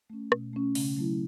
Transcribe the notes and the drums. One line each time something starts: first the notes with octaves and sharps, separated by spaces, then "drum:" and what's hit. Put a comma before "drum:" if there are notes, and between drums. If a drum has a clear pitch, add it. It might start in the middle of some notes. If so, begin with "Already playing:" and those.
A3 C#4
B2, drum: rim click
A3 C#4
C#3, drum: open hi-hat
F#3 A3 E4